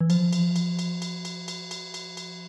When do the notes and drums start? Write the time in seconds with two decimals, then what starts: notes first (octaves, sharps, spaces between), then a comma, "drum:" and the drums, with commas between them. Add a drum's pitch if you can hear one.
0.01 E3
0.10 F3, drum: cymbal
0.33 drum: cymbal
0.56 drum: cymbal
0.79 drum: cymbal
1.02 drum: cymbal
1.25 drum: cymbal
1.48 drum: cymbal
1.71 drum: cymbal
1.94 drum: cymbal
2.17 drum: cymbal